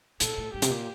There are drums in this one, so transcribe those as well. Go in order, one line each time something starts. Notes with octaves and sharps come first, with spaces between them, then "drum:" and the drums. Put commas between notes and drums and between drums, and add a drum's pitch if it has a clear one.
A#2 A4, drum: hi-hat
A2
G2 G4
C3, drum: hi-hat
A#2